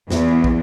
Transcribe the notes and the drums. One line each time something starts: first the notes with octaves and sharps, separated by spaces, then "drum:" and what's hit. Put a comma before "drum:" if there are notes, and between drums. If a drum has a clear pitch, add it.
E2, drum: snare
drum: kick